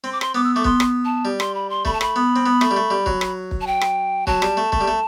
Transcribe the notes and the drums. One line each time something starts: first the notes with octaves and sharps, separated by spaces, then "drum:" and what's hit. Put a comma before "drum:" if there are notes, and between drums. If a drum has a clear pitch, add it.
C4 C6
D6
C6, drum: rim click
B3 D6
E6
A3 D6
B3 C6, drum: kick
drum: rim click
A5
G3
C6, drum: rim click
B5
C6
A3 B5, drum: kick
A5
B5, drum: rim click
B3
C4
B3
A3, drum: rim click
G3
A3
G3
F#3, drum: kick
drum: rim click
drum: kick
A5
G5
drum: rim click
F#3 A5, drum: kick
G3, drum: rim click
A3
A3, drum: kick
G3
A3